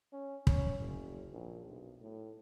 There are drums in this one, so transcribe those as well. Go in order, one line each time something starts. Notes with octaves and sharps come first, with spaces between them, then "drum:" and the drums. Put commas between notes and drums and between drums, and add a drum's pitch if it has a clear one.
C#4
C#4, drum: kick
F#1
A#1
B1
A2